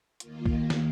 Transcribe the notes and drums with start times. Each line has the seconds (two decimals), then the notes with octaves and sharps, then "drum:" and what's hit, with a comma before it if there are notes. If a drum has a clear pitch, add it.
0.20 D#2 D#3 A#3 F4, drum: hi-hat
0.46 drum: kick
0.70 drum: snare